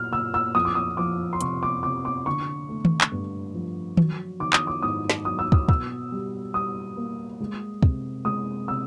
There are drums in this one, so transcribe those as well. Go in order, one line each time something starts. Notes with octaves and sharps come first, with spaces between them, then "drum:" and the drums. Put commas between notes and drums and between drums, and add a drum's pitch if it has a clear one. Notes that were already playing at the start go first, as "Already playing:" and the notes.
Already playing: A#2 F#3 F6
A#2 E6
E6
F2 D#6
D6
D#6
F3 D6
C6
C3 C#6, drum: hi-hat
D6
C3 D6
D6
D3 C#6
A3
drum: tom D#3
drum: clap
G2
F3
F#3, drum: tom D#3
D#3 D6
D#6, drum: clap
D6
G#2 D#6
drum: snare
F#3 D#6
E6
D#6, drum: kick
B2 E6, drum: kick
G3
G3 D#6
A#3
G#3
C3, drum: kick
G#3 D#6
C3 E6